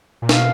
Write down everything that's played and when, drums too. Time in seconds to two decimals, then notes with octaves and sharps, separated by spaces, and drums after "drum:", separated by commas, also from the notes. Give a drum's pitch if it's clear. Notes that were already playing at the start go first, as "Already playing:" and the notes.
0.22 A#2
0.29 B2 F5, drum: snare